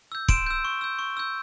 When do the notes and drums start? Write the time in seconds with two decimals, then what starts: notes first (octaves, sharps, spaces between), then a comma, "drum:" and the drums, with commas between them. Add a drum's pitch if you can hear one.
0.12 E6 G6
0.28 C6 D7 E7, drum: kick
0.47 E6 G6
0.65 C#6
0.81 E6 G6
0.99 C#6
1.17 E6 G6